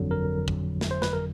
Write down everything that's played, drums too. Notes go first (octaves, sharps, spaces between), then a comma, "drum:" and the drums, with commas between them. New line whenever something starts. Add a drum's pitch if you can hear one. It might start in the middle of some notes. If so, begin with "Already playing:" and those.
Already playing: G1 F2 D3 F#3
A#4
drum: kick
drum: snare
C5
B4, drum: snare
A#4